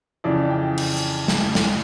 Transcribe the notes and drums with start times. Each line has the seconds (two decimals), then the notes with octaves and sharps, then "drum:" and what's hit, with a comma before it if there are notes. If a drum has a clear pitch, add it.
0.24 F2 C#3 E3 D5
0.50 G5
0.78 G5, drum: cymbal
0.97 drum: hi-hat
1.28 drum: snare
1.55 drum: snare